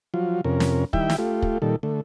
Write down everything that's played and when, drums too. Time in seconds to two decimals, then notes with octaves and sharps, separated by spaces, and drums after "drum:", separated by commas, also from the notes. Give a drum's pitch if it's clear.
0.14 F3 F#3 F4
0.44 F2 C3 C#4 A#4
0.60 drum: snare
0.93 D#3 G3 E4 E5 G5, drum: kick
1.10 drum: snare
1.19 A3 F4 G4
1.42 drum: kick
1.62 A#2 D#3 G3 A4
1.83 D3 A3